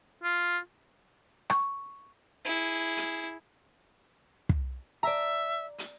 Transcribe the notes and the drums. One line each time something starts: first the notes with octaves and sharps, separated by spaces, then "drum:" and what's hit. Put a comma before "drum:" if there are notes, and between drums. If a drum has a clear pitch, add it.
F4
C#6, drum: rim click
E4 G#4
drum: hi-hat
drum: kick
D5 E5 A#5
drum: hi-hat